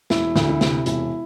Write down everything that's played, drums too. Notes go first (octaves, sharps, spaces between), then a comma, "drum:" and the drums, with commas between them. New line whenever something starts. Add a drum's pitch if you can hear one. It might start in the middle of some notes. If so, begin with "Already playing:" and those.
E1 E4, drum: snare
D2, drum: snare
E4
C3, drum: snare
E1 E4, drum: hi-hat